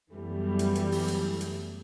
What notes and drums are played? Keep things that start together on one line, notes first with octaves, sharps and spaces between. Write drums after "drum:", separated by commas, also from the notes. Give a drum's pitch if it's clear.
F#2 E3 G3 A3 B3
drum: hi-hat
drum: hi-hat
drum: open hi-hat
drum: hi-hat
drum: hi-hat